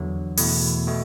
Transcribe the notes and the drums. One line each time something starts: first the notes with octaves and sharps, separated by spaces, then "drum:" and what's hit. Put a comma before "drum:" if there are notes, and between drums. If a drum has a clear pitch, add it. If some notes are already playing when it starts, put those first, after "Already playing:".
Already playing: E2 D3 F#3
E2 B2 A3 E4, drum: open hi-hat
B2 A3